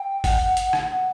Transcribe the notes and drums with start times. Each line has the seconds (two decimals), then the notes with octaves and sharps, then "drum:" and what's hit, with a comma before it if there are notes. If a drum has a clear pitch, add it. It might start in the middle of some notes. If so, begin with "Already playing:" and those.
Already playing: G5
0.24 F#5, drum: kick, open hi-hat
0.57 drum: hi-hat
0.73 drum: rim click
0.90 F#5